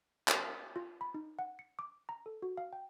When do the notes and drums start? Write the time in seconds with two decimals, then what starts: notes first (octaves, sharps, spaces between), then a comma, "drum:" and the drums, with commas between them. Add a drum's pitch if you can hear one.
0.28 drum: clap
0.76 F4
1.01 B5
1.14 D#4
1.39 F#5
1.59 C#7
1.79 D6
2.09 A#5
2.26 A4
2.42 F#4
2.57 F5
2.73 G5